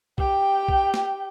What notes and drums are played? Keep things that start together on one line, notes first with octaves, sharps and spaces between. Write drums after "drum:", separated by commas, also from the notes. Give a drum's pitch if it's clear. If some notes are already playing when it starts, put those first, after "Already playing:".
G4 G5, drum: kick B1
drum: kick B1
drum: snare